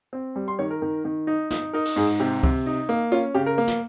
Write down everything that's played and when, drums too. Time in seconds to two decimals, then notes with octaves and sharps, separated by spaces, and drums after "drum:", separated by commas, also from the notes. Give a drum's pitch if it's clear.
0.13 C4
0.36 G3
0.48 C6
0.59 D#3 C#5
0.71 A#4
0.82 D#3
1.05 D#3
1.27 D#4
1.50 D#4, drum: snare
1.73 D#4 A#4
1.85 drum: cymbal
1.96 G#2 G#4
2.20 C3 G4
2.43 C3, drum: kick C#2
2.66 D#4
2.89 A#3
3.12 C#4 F4
3.34 C#3 G4
3.46 A#4
3.58 A#3
3.67 drum: snare